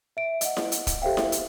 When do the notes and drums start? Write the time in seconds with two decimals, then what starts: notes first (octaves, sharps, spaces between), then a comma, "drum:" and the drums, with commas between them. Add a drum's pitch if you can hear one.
0.17 E5 D7
0.41 D#5 F#5, drum: hi-hat
0.57 drum: snare E4
0.72 drum: hi-hat
0.87 drum: kick, hi-hat
1.02 G4 A4 C5 E5 F5 G5
1.17 drum: snare E4
1.32 drum: hi-hat